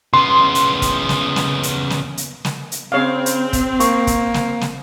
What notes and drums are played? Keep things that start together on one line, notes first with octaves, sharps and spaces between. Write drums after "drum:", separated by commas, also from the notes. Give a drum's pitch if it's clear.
C#3 B3 C6
drum: hi-hat
drum: kick, hi-hat
drum: snare
drum: snare
drum: hi-hat
drum: snare
drum: hi-hat
drum: snare
drum: hi-hat
C#3 C4 C#5 F5
drum: hi-hat
drum: kick, hi-hat
A#3 C#6, drum: hi-hat
drum: kick, hi-hat
drum: snare
drum: snare